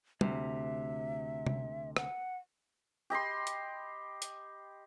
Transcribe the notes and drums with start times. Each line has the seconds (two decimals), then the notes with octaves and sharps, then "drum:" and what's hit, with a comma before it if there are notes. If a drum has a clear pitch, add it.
0.21 D2 C3 E5, drum: tom
1.47 drum: tom C3
1.97 F#5, drum: rim click
3.10 G4 D#5 B5 C6
3.47 drum: hi-hat
4.22 drum: hi-hat